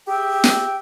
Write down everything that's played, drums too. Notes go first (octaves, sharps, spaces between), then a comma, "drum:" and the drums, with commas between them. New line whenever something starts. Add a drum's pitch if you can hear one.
G4 G#4 E5 G5
drum: snare